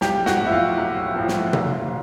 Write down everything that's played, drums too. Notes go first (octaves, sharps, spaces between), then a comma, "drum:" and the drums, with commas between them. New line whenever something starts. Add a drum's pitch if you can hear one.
B1 G4, drum: snare
F#4, drum: snare
A2 F3
E4
F4
B1
A2 F3
drum: snare
F#1, drum: tom B2